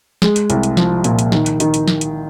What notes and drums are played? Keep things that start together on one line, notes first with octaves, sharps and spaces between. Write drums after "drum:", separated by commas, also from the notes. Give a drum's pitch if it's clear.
G#3, drum: snare
drum: hi-hat
C2, drum: hi-hat
drum: hi-hat
F3, drum: snare
A#2, drum: hi-hat
drum: hi-hat
D#3, drum: snare
drum: hi-hat
D#3, drum: hi-hat
drum: hi-hat
drum: snare
drum: hi-hat